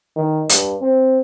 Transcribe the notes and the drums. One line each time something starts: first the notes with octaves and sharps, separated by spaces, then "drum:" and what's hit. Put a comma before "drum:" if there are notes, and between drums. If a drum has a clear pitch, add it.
D#3
G2, drum: hi-hat
C4